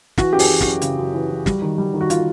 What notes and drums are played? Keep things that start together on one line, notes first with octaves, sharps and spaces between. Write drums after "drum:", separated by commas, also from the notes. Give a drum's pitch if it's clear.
E3 F#4, drum: snare
F#2 G4
G#4, drum: open hi-hat
E3
F#4, drum: snare
F#2
C#3, drum: hi-hat
F#2
E3
E3
G3, drum: snare
D#3
G3
D#3
F#4
D#3 F4, drum: hi-hat